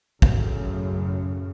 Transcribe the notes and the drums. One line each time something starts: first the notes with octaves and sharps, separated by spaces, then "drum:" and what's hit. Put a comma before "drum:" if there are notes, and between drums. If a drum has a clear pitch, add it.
F#2 A2 C#3, drum: kick